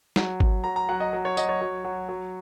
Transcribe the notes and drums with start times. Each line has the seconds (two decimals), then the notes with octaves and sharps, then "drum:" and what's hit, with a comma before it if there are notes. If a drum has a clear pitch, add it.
0.16 F#3, drum: snare
0.40 F#3, drum: kick G#1
0.64 F#3 A#5
0.76 A#5
0.89 F#3 F#5
1.00 D#5
1.13 F#3
1.25 C#5
1.37 F#3 D#5, drum: tambourine
1.49 C#5
1.61 F#3
1.85 F#3
2.09 F#3